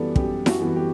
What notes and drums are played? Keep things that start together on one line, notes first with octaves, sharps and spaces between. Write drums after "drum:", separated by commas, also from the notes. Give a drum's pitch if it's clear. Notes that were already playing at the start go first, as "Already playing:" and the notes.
Already playing: F#2 E3 G3 B3 A4 D5
F#2 G4, drum: kick
F#4, drum: snare E4
E3 G3 B3
G4